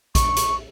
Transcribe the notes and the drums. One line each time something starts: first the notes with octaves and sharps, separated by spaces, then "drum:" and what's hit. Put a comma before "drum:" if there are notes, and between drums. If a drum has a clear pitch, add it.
C#6, drum: kick A#1, hi-hat
drum: hi-hat